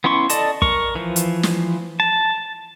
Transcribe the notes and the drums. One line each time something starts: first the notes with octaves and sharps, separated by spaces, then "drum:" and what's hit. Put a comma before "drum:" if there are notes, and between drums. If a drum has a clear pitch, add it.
B3 C#4 E4 C6 C#6
A4 D5 D#5 A5, drum: hi-hat
A#4 C#6, drum: kick
E3 F3
drum: hi-hat
drum: snare
A5